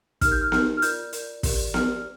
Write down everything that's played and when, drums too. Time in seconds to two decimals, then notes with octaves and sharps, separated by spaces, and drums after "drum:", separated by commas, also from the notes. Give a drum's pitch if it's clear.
0.21 D#4 G4 A#4 F6, drum: kick, hi-hat
0.32 G6
0.41 F6
0.52 D#4 G4 A#4 F6, drum: snare B3
0.77 F6
0.82 F4 A#4 D5 G6, drum: hi-hat
1.13 F4 A#4 D5, drum: hi-hat
1.43 G4 A#4 D5, drum: kick, open hi-hat
1.74 G4 A#4 D5 F6, drum: snare B3